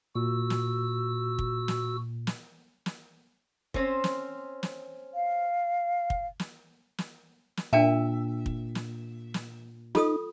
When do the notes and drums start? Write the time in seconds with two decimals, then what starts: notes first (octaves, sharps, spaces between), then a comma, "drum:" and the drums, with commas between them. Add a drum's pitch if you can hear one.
0.16 A#2 F#4 E6
0.50 drum: snare
1.39 drum: kick
1.68 drum: snare
2.27 drum: snare
2.86 drum: snare
3.74 C4 C#4 C5, drum: kick
4.04 drum: snare
4.63 drum: snare
5.14 F5
6.10 drum: kick
6.40 drum: snare
6.98 drum: snare
7.57 drum: snare
7.73 A#2 D4 E5 G5 A5
8.46 drum: kick
8.75 drum: snare
9.34 drum: snare
9.95 D#4 F4 A4 D#6, drum: snare